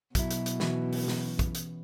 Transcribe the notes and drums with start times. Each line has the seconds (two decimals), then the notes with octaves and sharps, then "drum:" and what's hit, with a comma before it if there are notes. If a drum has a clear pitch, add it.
0.15 B2 F#3 E4, drum: kick, hi-hat
0.31 drum: hi-hat
0.46 drum: hi-hat
0.60 E3 C#4 F#4, drum: snare
0.93 drum: open hi-hat
1.08 drum: snare
1.39 drum: kick, hi-hat
1.55 drum: hi-hat